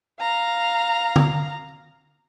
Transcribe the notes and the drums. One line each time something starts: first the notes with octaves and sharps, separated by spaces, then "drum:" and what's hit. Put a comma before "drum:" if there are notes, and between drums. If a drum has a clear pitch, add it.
F5 A#5
drum: tom